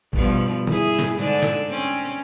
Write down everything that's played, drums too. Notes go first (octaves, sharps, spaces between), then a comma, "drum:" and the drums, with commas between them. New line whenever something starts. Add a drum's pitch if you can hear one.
G2 B2 F3, drum: kick G#1
E4 G#4, drum: tom D3
drum: snare
G#2 D3 D4
drum: snare
C4 C#4